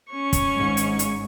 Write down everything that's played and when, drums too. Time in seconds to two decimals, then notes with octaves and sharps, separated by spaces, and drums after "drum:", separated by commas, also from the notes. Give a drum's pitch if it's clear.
0.10 C#4 C#6
0.33 drum: kick, hi-hat
0.54 G#1 G#2
0.77 drum: hi-hat
0.99 drum: hi-hat